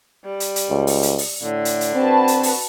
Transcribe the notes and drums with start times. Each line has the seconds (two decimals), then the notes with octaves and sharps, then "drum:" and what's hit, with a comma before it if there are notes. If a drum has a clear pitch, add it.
0.25 G3
0.40 drum: hi-hat
0.56 drum: hi-hat
0.70 C#2
0.87 drum: open hi-hat
1.03 drum: hi-hat
1.18 drum: open hi-hat
1.43 A2 D3
1.65 drum: hi-hat
1.81 drum: hi-hat
1.95 C4 F#4 B4 A5
2.28 drum: hi-hat
2.43 drum: open hi-hat